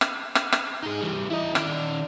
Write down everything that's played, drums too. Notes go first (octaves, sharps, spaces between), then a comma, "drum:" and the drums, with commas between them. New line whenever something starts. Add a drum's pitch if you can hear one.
drum: rim click
drum: rim click
drum: rim click
D#4 G#4
E3 G3
E4 D#5
D#3 D5, drum: rim click